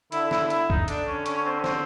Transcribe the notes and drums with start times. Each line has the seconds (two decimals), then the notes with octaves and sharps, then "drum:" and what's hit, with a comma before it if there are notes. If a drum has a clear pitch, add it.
0.12 D3 E4, drum: hi-hat
0.31 E4, drum: snare
0.50 E4, drum: hi-hat
0.70 D#4, drum: kick
0.88 D3 D4, drum: hi-hat
1.07 C#4
1.26 C#4, drum: hi-hat
1.37 C#4
1.45 C4
1.59 C#4
1.64 C4, drum: snare